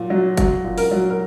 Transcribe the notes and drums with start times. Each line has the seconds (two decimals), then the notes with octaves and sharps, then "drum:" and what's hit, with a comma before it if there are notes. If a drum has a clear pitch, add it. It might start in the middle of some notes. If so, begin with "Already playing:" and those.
Already playing: A#2 F#3
0.10 F#3
0.37 F#3, drum: kick F#1, hi-hat
0.64 A#2
0.78 A#4, drum: open hi-hat
0.91 F#3
1.10 A#4